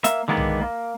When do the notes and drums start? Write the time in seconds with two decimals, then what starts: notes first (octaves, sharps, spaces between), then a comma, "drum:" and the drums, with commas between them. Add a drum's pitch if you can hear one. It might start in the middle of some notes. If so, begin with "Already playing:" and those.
0.04 A#3 E5, drum: hi-hat
0.28 D3 D#3 G#3 A#3 B3
0.37 drum: tom B1
0.61 A#3